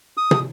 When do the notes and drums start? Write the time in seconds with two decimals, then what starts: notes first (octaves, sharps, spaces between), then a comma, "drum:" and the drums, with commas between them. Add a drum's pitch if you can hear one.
0.17 D#6
0.31 drum: tom